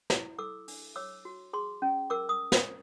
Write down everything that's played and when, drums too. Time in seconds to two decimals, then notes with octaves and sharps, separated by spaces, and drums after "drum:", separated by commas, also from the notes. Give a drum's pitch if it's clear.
0.10 E4, drum: snare
0.38 A4 D6 E6
0.68 D4, drum: open hi-hat
0.96 C#5 D6 E6
1.25 F#4
1.53 G#4 C6 D6
1.82 C#4
2.10 A#4 D6 E6
2.29 D#6
2.52 drum: snare